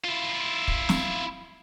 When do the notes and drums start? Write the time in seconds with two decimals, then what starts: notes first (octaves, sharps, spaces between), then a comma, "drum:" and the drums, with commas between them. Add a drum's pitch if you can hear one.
0.04 E4 F4
0.68 drum: kick
0.89 drum: snare